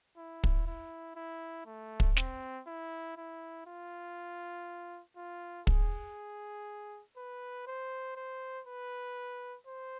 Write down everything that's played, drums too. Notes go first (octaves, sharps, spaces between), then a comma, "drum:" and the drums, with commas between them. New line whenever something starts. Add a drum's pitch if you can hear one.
E4
drum: kick
E4
E4
A3
drum: kick
C4, drum: snare
E4
E4
F4
F4
G#4, drum: kick
B4
C5
C5
B4
C5